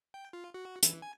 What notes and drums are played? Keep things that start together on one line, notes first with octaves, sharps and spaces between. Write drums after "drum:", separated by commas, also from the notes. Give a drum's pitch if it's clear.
G5
F4
F#4
E3, drum: hi-hat
G#5